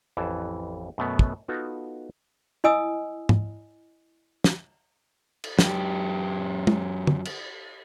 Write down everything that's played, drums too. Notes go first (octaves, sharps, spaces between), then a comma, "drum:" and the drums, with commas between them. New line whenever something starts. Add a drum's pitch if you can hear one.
A1 F2 E3 A5
F#2 B2 A3 B3
drum: kick
B3 D#4 F4 F#4 A4 B4
E4 D#5 G#5 D#6 E6
drum: tom G#2
drum: snare
drum: cymbal
F#2 G4, drum: snare
drum: tom
drum: tom
drum: cymbal